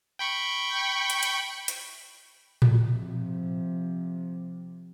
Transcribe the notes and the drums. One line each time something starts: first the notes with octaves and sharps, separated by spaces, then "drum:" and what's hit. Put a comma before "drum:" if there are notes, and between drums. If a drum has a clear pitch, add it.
G5 B5 C#6
drum: hi-hat
drum: hi-hat
drum: hi-hat
drum: tom A2
C3 F3